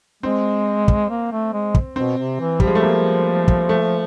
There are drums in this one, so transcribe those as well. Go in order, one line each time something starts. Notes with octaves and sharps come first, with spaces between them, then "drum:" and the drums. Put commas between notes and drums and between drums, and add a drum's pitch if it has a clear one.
G#3 C4
drum: kick
A#3
A3
G#3
drum: kick
B2 C4
C3
E3
F3 G3, drum: kick
G#3
A3
A#3
drum: kick
A3